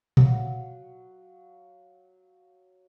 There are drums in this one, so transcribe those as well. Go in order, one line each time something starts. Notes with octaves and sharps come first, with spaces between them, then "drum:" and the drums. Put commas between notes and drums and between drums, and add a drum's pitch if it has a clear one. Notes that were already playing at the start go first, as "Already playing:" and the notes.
F#3 F5, drum: tom A#2